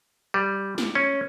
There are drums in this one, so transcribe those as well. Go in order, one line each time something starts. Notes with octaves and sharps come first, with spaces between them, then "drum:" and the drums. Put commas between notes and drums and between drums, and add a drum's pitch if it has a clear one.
G3
drum: snare
C#4